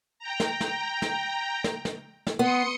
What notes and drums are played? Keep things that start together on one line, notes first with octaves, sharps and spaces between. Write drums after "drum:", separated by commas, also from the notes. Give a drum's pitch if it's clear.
G5 A#5
drum: snare
drum: snare
drum: snare
drum: snare
drum: snare
drum: snare
B3 C6 D#6 C#7